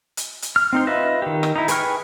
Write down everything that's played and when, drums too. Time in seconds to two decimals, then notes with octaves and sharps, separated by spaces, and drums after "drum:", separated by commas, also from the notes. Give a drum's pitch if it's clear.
0.17 drum: hi-hat
0.42 drum: hi-hat
0.56 F6
0.73 C4 D#4 C5
0.87 F4 B4 D#5 E5
1.22 D#3 G4
1.43 drum: rim click
1.56 D#4 E4
1.68 G#4 B4 G5 C#6 F6, drum: hi-hat